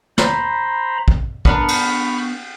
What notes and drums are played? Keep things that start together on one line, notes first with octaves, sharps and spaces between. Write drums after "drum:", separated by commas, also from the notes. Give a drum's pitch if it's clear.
C5 A#5 B5, drum: snare
drum: kick
B3 D4 A#4 B5 C#6 F6, drum: kick
drum: cymbal